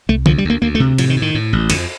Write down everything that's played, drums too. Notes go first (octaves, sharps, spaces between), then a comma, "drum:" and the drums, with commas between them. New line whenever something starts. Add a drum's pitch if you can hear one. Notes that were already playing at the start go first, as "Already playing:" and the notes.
C2 A3
D2 F3, drum: tom
G3
D2 A#3
D2 A#3
A3
C3
A2 F3, drum: cymbal
D#3
A2
D#3
A2
A1
F2 D3, drum: cymbal